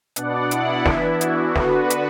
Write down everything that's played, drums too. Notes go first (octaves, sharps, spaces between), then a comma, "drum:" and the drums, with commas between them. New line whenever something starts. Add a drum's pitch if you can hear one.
B2 B3 D4 D5 F#5, drum: hi-hat
E4, drum: hi-hat
E3 B3 D4, drum: snare
F#4, drum: hi-hat
D3 B3 D4 F#4 B4, drum: snare
drum: hi-hat